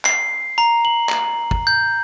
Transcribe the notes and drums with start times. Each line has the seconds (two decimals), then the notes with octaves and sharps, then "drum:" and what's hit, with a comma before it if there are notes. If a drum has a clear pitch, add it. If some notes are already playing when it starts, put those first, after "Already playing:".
0.05 C7, drum: clap
0.58 A#5
0.85 F#7
1.09 drum: clap
1.51 drum: kick
1.67 G6